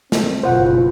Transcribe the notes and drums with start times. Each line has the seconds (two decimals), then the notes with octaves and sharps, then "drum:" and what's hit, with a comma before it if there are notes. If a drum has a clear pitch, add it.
0.12 C4, drum: snare
0.43 F#1 B2 F4 C5 F#5